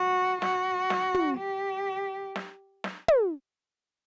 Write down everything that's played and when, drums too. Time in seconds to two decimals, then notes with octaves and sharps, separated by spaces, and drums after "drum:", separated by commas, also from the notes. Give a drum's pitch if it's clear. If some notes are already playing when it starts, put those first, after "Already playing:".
Already playing: F#4
0.42 F#4, drum: snare
0.90 drum: snare
1.14 drum: tom
1.38 G4
2.36 drum: snare
2.84 drum: snare
3.08 drum: tom